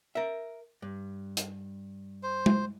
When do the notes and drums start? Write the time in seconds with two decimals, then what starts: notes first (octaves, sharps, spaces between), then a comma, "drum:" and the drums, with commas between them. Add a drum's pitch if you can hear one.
0.15 A#4 E5
0.82 G2
1.37 drum: hi-hat
2.23 C5
2.46 drum: tom G#3